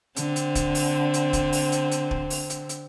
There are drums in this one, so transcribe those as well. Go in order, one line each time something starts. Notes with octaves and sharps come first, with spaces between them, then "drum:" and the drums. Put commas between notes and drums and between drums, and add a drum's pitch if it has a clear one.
D3 C4, drum: hi-hat
drum: hi-hat
drum: kick, hi-hat
drum: open hi-hat
drum: hi-hat
drum: kick, hi-hat
drum: open hi-hat
drum: hi-hat
drum: hi-hat
drum: kick
drum: open hi-hat
drum: hi-hat
drum: hi-hat